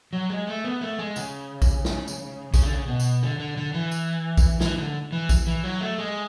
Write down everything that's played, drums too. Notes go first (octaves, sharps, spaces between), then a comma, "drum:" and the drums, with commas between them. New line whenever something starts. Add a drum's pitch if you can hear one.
F#3
G#3
A3
B3
A3
G#3
C#3, drum: tambourine
drum: kick A#1, tambourine
drum: snare
drum: tambourine
C#3, drum: kick A#1, tambourine
D3
C#3
B2
drum: tambourine
D3
D3
D3
E3
drum: tambourine
drum: kick A#1, tambourine
E3, drum: snare
D3
E3
drum: kick A#1, tambourine
E3
F#3
A3
G#3